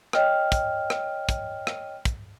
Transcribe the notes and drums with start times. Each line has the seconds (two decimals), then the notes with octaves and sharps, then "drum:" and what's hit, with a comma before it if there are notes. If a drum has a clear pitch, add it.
0.13 C#5 D#5 G5 F6, drum: rim click
0.52 drum: kick, hi-hat
0.90 drum: rim click
1.29 drum: kick, hi-hat
1.67 drum: rim click
2.05 drum: kick, hi-hat